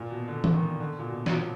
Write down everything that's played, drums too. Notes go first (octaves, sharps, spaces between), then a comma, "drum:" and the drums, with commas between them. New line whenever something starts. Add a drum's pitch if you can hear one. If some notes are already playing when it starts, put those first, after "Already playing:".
Already playing: A#2
B2
D3
drum: tom E3
D#3
D3
A#2
B2
F#3, drum: snare
F3